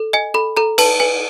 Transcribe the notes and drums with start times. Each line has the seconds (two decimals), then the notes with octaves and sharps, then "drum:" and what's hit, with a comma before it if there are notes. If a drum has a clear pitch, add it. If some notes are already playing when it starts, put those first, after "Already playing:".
Already playing: A4
0.13 D#5 G#5
0.34 A4 B5
0.57 A4 A#5
0.78 B4 A5, drum: cymbal
1.00 B4 G#5